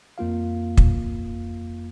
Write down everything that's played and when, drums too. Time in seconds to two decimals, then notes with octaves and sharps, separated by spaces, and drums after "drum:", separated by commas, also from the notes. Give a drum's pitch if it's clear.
0.18 F2 A#3 F4 F5
0.78 drum: kick